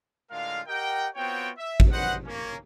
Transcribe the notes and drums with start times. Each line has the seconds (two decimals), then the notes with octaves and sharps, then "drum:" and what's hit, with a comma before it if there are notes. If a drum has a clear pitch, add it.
0.31 A2 D3 G#3 F4 A#4 F5
0.67 G4 A#4 D#5 F#5 G5
1.16 B3 C4 F4 F#4 C#5 G5
1.58 E5
1.80 drum: kick
1.92 C#4 B4 C5 D#5 F#5
2.26 A#3 C#4